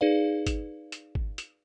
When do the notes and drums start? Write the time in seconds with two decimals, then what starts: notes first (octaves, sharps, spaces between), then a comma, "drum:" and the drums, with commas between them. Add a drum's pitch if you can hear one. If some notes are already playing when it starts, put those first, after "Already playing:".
0.01 D#4 G#4 B4 D5 F5
0.47 drum: kick, hi-hat
0.92 drum: hi-hat
1.15 drum: kick
1.38 drum: hi-hat